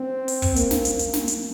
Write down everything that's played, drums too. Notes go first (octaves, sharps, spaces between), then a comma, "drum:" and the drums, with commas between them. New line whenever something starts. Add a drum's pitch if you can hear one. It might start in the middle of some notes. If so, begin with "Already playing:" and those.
Already playing: C4
drum: open hi-hat
drum: kick, open hi-hat
A#3, drum: hi-hat
drum: snare
drum: hi-hat
drum: hi-hat
drum: snare
drum: hi-hat